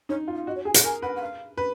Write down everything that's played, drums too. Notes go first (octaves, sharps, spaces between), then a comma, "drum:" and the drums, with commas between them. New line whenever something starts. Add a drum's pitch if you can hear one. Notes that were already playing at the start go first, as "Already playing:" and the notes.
D#4 C#5
F4
F5
F#4 D#5
C#5
G#4 G#5
F#5, drum: hi-hat
A#4 G#5
B4 F#5
F#5
F5
B4